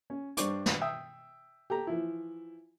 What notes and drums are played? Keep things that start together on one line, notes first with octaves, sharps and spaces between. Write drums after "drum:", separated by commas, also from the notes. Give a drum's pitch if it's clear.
C#4
G2 D4 C5 C#6 D6, drum: hi-hat
drum: snare
E5 G5 D#6 E6
G4 A4 A#5
E3 F3 E4